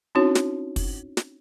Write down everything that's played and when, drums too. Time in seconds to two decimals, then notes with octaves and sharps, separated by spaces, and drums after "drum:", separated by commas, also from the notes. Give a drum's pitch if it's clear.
0.15 C4 C#4 D#4 E4 F#4 C#5
0.35 drum: snare
0.76 drum: kick, open hi-hat
1.17 drum: snare